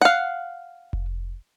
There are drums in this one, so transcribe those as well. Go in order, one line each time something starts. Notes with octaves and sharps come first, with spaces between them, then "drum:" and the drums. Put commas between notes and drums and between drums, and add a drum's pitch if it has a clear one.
F5 F#5
drum: kick F1